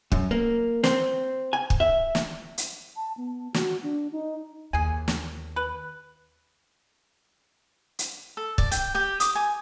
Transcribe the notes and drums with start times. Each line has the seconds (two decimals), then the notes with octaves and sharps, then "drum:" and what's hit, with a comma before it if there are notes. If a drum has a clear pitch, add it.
0.12 F#2, drum: kick
0.31 A#3
0.83 C4, drum: snare
1.53 G#5
1.70 drum: kick
1.80 E5
2.15 drum: snare
2.58 drum: hi-hat
2.96 A5
3.17 B3
3.54 F#4, drum: snare
3.83 D4
4.12 D#4
4.73 D#2 G#4 G#5
5.08 drum: snare
5.56 B4
7.99 drum: hi-hat
8.37 A4
8.58 D5, drum: kick
8.71 G5, drum: hi-hat
8.94 G4 G5
9.20 D6 D#6, drum: hi-hat
9.35 G#5